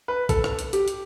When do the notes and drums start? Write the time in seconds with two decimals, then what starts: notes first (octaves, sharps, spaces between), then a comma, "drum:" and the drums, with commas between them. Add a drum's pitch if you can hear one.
0.08 B4
0.29 A4, drum: kick, hi-hat
0.44 drum: rim click
0.59 drum: hi-hat
0.73 G4, drum: hi-hat
0.88 drum: hi-hat